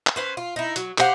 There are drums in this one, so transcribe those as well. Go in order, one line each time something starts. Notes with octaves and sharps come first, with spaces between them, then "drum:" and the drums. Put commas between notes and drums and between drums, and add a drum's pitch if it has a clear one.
drum: clap
C#4 B4 C5
F4
D#4 E4
F#3, drum: hi-hat
G4 C5 F5 F#5, drum: clap